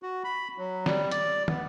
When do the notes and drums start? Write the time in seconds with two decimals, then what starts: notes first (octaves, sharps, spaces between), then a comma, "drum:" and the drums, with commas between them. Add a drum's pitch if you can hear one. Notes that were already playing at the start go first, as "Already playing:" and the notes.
0.02 F#4
0.24 B5
0.58 F#3
0.86 G3, drum: snare
1.11 D5, drum: hi-hat
1.48 B3, drum: tom